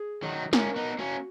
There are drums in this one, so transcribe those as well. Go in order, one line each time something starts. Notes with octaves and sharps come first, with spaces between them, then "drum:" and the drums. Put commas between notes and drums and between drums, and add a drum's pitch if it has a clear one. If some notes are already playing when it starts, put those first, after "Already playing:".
Already playing: G#4
D#3 F#3
A#3 C#4 A#4, drum: snare
B3 D#4
A#3 C#4 F#4